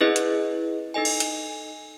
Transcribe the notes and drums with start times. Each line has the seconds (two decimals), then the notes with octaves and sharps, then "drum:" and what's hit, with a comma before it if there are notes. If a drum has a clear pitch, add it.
0.01 C#4 E4 G#4 B4 D#5
0.16 drum: hi-hat
0.94 D#4 A4 D#5 G#5
1.05 drum: cymbal
1.20 drum: hi-hat